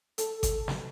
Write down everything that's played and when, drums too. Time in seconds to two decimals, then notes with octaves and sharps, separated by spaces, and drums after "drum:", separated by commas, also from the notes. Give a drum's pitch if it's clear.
0.18 A4, drum: hi-hat
0.43 drum: kick G#1, hi-hat
0.68 drum: snare